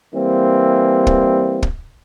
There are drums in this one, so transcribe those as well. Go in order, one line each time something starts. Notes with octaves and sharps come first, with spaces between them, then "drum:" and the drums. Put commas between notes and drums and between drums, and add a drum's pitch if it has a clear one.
E3 G3 A#3 C4
drum: kick
drum: kick